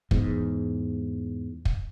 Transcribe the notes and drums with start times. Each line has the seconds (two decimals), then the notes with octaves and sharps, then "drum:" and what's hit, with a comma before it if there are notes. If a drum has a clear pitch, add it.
0.11 E2 G#2, drum: kick
1.65 drum: kick